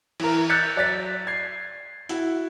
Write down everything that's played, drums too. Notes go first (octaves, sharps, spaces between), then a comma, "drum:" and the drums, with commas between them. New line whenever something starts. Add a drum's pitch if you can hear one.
E3 A#4, drum: cymbal
E6 F#6 G6 A6 B6 C#7
F#3 D5 A6 B6
G#6 C7
E4 F#4, drum: hi-hat